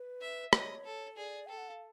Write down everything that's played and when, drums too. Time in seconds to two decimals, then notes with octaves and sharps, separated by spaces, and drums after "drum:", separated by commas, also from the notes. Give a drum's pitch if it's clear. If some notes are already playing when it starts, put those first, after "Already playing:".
Already playing: B4
0.21 E5
0.53 C#5 D#5, drum: rim click
0.85 A4
1.17 G#4 D5
1.46 A4 G5
1.57 F#5
1.69 F5